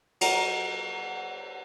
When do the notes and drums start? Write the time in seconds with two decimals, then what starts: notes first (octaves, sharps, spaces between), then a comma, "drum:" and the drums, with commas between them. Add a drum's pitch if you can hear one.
0.21 F#3 A#4, drum: cymbal